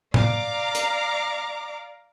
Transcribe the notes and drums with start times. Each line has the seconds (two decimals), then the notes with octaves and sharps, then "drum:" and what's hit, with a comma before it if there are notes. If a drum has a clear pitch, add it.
0.14 D5 F5 A#5 D6, drum: tom A2
0.75 drum: hi-hat